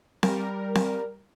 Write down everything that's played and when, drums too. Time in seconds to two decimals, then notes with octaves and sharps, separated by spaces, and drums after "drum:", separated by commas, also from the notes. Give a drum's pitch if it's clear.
0.23 G3 A#4, drum: snare C4
0.75 drum: snare C4